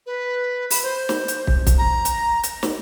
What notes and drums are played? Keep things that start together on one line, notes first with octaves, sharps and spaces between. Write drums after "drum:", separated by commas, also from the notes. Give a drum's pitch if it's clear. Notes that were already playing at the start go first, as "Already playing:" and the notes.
B4
B5, drum: open hi-hat
C5
drum: snare
drum: hi-hat
drum: kick
drum: kick, hi-hat
A#5
drum: hi-hat
drum: hi-hat
drum: snare